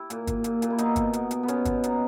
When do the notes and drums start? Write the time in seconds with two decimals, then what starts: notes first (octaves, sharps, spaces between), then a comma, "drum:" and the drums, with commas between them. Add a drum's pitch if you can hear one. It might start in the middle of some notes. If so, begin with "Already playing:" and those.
Already playing: E4 G4
0.10 A#2, drum: hi-hat
0.27 A#2, drum: kick, hi-hat
0.44 A#2, drum: hi-hat
0.62 A#2, drum: hi-hat
0.70 E4
0.78 B2 D#4, drum: hi-hat
0.96 B2, drum: kick, hi-hat
1.13 B2, drum: hi-hat
1.31 B2, drum: hi-hat
1.43 B3
1.48 B2 C#4, drum: hi-hat
1.65 B2, drum: kick, hi-hat
1.84 B2 D#4, drum: hi-hat